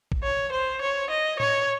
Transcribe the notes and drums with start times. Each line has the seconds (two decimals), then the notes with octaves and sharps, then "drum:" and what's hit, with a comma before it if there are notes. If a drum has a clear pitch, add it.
0.12 drum: kick
0.23 C#5
0.52 C5
0.82 C#5
1.10 D#5
1.40 C#5, drum: tom A2